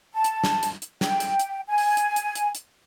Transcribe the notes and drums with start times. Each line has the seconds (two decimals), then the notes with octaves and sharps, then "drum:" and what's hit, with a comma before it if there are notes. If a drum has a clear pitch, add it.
0.14 A5
0.24 drum: hi-hat
0.44 drum: snare
0.63 drum: hi-hat
0.82 drum: hi-hat
1.01 G5, drum: snare
1.20 drum: hi-hat
1.40 drum: hi-hat
1.67 G#5
1.78 drum: open hi-hat
1.97 drum: hi-hat
2.16 drum: hi-hat
2.35 drum: hi-hat
2.55 drum: hi-hat